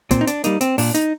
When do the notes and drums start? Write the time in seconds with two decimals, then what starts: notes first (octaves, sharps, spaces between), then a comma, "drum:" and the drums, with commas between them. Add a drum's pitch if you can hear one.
0.11 A#2 C4, drum: kick, hi-hat
0.21 D#4
0.27 D4, drum: hi-hat
0.44 G3 A#3 D#4, drum: hi-hat
0.61 C4, drum: hi-hat
0.78 A#2 D4, drum: open hi-hat
0.94 D#4, drum: hi-hat